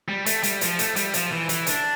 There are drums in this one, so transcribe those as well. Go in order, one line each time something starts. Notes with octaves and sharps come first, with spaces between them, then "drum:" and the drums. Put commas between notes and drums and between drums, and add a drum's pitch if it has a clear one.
G3
A3, drum: hi-hat
G3, drum: hi-hat
F3, drum: hi-hat
A3, drum: hi-hat
G3, drum: hi-hat
F3, drum: hi-hat
E3
E3, drum: hi-hat
D4, drum: hi-hat